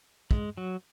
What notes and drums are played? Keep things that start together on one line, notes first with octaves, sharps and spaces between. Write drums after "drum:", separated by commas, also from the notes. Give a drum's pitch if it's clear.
G#3, drum: kick
F#3